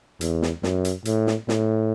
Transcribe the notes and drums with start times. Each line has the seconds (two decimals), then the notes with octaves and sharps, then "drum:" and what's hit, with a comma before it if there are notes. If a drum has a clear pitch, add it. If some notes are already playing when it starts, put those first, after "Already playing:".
0.21 E2, drum: hi-hat
0.42 drum: snare
0.63 F#2, drum: snare
0.85 drum: hi-hat
1.05 A2, drum: hi-hat
1.27 drum: snare
1.49 A2, drum: snare